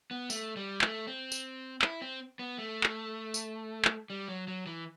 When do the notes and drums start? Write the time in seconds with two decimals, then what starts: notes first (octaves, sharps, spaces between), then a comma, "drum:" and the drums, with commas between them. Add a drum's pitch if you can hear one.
0.11 B3
0.30 A3, drum: tambourine
0.56 G3
0.81 A3, drum: clap
1.07 C4
1.32 drum: tambourine
1.82 E4, drum: clap
2.01 C4
2.39 B3
2.58 A3
2.83 drum: clap
3.34 drum: tambourine
3.85 drum: clap
4.10 G3
4.28 F#3
4.48 F#3
4.66 E3